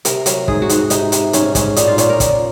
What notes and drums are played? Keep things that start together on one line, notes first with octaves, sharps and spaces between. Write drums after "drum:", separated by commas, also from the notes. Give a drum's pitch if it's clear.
C3 A#4, drum: hi-hat
F#3 A#4, drum: hi-hat
G#2 G#4, drum: kick
F#4
G#2, drum: hi-hat
C3 D#4, drum: hi-hat
C3, drum: hi-hat
G#2 C#4, drum: hi-hat
G#2 C#4, drum: kick, hi-hat
A#2 D#4, drum: hi-hat
F4
A#2 C#4, drum: hi-hat
A#4
A#2, drum: kick, hi-hat